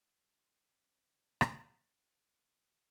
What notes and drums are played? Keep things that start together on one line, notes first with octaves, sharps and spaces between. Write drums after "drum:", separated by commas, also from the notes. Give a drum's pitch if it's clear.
G3 D4 C6
C2 C#3 C4 D4
drum: rim click
G#1 C#2 C#3 F#6